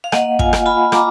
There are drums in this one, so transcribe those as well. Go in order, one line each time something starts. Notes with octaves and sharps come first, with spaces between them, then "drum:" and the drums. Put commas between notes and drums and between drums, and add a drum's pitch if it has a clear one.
F5
A#3 D#5 F#5, drum: rim click
F4 F5 G#5, drum: kick
drum: rim click
F4 G#5 B5
F4 A#5 D6, drum: rim click